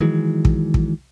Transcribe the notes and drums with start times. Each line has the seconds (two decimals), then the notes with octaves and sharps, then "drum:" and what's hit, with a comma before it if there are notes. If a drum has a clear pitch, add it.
0.01 D#3 E3 F#3 G#3
0.45 drum: kick
0.74 drum: kick